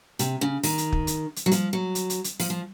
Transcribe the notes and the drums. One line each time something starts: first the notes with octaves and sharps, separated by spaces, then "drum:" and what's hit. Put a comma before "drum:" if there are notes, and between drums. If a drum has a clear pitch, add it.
C3, drum: hi-hat
C#3
D#3, drum: open hi-hat
drum: hi-hat
drum: kick
drum: hi-hat
drum: hi-hat
F#3
F3, drum: hi-hat
F#3
drum: hi-hat
drum: hi-hat
drum: hi-hat
F3, drum: open hi-hat
F3